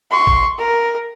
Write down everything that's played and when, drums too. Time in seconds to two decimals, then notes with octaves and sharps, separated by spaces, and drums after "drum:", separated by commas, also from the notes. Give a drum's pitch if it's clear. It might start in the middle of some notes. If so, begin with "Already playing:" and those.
0.11 C6 C#6
0.27 drum: kick
0.59 A#4